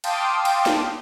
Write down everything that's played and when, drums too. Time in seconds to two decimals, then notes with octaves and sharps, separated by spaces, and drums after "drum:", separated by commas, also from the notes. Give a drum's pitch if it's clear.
0.04 F5 G5 A5 C6 D6 D#6, drum: cymbal
0.45 drum: cymbal
0.66 drum: snare